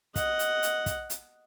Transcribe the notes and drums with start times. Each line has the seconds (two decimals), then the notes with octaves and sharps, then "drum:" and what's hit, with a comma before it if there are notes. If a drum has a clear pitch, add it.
0.16 D#5 F#5, drum: kick, hi-hat
0.39 drum: hi-hat
0.63 drum: hi-hat
0.86 drum: kick, hi-hat
1.10 drum: hi-hat